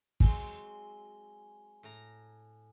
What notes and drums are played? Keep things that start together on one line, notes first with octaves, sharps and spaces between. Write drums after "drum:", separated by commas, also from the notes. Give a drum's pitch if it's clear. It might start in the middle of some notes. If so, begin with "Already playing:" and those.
F#3 G#3 C4 G#5 G7, drum: kick
A2 A#5